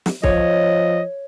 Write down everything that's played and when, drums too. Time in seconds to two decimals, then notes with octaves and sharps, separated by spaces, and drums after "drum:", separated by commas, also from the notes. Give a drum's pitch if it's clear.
0.06 drum: snare
0.23 F3 C#5 D#5, drum: kick C2